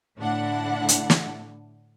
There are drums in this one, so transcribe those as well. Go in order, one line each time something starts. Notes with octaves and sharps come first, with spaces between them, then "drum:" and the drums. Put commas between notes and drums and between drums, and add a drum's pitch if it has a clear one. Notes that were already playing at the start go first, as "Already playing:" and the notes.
A2 D3 D4 E4 F#5
drum: hi-hat
drum: snare